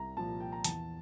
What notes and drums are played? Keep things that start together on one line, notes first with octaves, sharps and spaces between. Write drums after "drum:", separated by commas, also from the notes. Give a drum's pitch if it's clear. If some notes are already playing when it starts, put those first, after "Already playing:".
Already playing: C2 A#5
A#2 F3 A5
G5
A#5
E2 A5, drum: hi-hat